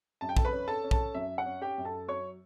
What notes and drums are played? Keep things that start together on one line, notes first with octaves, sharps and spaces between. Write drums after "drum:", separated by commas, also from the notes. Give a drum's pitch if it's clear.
F#2 A5
G5
A4 A5, drum: kick
B4 B5
C#4
A4 A5
C#4
A4 A5, drum: kick
F#2 E5
F#5
C#4
G4 G5
F#2
A4 A5
F#3 C#5 C#6